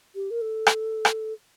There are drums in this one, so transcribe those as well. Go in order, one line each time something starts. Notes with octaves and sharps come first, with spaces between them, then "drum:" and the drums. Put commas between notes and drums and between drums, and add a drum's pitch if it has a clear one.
G4
A#4
A4
drum: rim click
drum: rim click